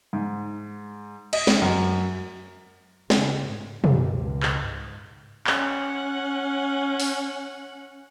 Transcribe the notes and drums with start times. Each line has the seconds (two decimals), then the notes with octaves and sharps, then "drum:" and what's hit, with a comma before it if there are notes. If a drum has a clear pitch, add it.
0.13 G#2
1.33 D#5, drum: cymbal
1.47 drum: snare
1.62 F#2
3.10 C#3, drum: snare
3.48 G#2
3.84 F#2, drum: tom B2
4.15 C#2
4.43 drum: clap
4.64 G#2
5.47 C#4 F#5, drum: clap
7.00 drum: open hi-hat